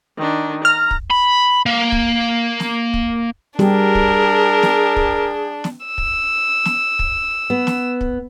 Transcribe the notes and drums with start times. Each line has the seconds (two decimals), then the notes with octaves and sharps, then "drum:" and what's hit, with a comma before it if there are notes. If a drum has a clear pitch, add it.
0.17 D#3 D4
0.65 A#5 F6
0.91 drum: kick
1.10 B5
1.66 A#3
1.92 drum: kick
2.60 drum: snare
2.94 drum: kick
3.59 G3 D4 G4 G#4 A#4, drum: snare
3.95 drum: kick
4.63 drum: snare
4.96 drum: kick
5.64 drum: snare
5.86 E6
5.98 drum: kick
6.65 drum: snare
6.99 drum: kick
7.50 B3
7.67 drum: snare
8.01 drum: kick